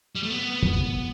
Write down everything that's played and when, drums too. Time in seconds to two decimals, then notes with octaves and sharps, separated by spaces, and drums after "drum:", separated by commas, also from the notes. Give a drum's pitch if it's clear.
0.15 G3
0.23 A3
0.30 B3
0.63 drum: kick